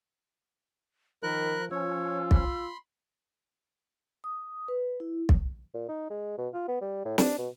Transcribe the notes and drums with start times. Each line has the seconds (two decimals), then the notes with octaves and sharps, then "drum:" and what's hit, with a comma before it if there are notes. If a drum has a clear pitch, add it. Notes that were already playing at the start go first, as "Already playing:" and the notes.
1.23 D#3 F3 A#4 B5 F#6
1.71 F3 C#4 F4 C#5 E6
2.31 B5 C6, drum: kick
4.24 D#6
4.68 B4
5.00 E4
5.29 drum: kick
5.74 A#2
5.89 D#4
6.10 G#3
6.38 B2
6.53 F4
6.68 B3
6.81 G3
7.05 A2
7.18 D4, drum: snare
7.38 B2